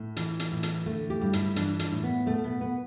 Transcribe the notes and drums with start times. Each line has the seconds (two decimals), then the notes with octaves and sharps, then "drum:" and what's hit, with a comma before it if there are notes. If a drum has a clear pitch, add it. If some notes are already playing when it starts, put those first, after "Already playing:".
Already playing: A2
0.16 E3, drum: hi-hat
0.39 drum: hi-hat
0.52 A2
0.63 drum: hi-hat
0.86 D3 A3
1.10 G4
1.21 G2
1.33 E4, drum: hi-hat
1.56 E3 D4, drum: hi-hat
1.79 D4, drum: hi-hat
1.92 A2
2.03 B3
2.26 B2 A3
2.44 B3
2.61 B3